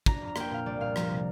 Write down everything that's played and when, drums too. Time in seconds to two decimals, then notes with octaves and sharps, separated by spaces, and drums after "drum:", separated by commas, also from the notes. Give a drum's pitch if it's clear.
0.06 D4 A#5, drum: kick
0.21 F2
0.27 A#5
0.36 A#3 G5, drum: rim click
0.51 A#2 F5
0.66 C2 D5
0.80 A#2 F5
0.96 F3 A#5, drum: rim click
1.11 C3